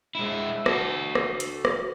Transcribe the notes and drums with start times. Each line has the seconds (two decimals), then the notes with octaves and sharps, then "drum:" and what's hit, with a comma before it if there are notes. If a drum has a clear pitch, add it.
0.15 G#3 E4
0.66 F#4 A4, drum: rim click
1.15 drum: rim click
1.40 drum: hi-hat
1.65 drum: rim click